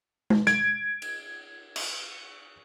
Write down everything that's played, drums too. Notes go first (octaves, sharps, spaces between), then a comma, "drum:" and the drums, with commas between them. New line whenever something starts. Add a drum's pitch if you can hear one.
drum: tom G#3
G#6 D7, drum: snare
drum: cymbal
drum: cymbal